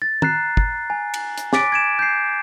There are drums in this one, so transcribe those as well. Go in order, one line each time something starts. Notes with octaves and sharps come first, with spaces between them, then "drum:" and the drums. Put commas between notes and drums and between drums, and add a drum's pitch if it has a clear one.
A6
A#5 F#6 C7, drum: tom
drum: kick
G#5
drum: cymbal
drum: hi-hat
G#5 D6 A6 B6 D7, drum: snare
G#6 D7 E7
G6 C7